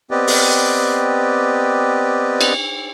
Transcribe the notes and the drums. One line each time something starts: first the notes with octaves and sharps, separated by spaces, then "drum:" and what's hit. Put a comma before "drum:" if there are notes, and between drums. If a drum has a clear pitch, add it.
B3 C4 G4 B4 D5 D#5
drum: open hi-hat
drum: cymbal